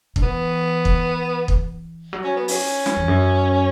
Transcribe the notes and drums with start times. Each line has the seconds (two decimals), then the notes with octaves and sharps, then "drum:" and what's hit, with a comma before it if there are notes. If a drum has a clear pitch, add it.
0.16 D3, drum: kick
0.23 E3 B3
0.85 drum: kick
1.48 drum: kick
2.13 F#3
2.24 C#4
2.36 B3
2.48 C#4, drum: open hi-hat
2.86 drum: snare
2.96 E2
3.08 F#2